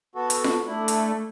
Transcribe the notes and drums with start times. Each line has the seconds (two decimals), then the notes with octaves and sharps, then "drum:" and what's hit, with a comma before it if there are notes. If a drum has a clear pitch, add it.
0.15 B3 F#4 A4
0.30 drum: hi-hat
0.44 drum: snare F4
0.66 A3 D4 E4
0.88 drum: hi-hat